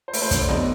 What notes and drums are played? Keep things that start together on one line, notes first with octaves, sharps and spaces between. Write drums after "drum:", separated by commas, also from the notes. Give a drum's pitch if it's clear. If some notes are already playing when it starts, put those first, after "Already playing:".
C5
A3 B4, drum: open hi-hat
C5
D3 C#5, drum: kick, hi-hat
D5
D3 D#5, drum: snare B3